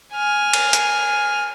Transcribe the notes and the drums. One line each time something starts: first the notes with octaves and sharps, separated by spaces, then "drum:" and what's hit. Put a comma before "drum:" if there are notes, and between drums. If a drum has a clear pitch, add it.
G#5 F6
drum: cymbal
drum: hi-hat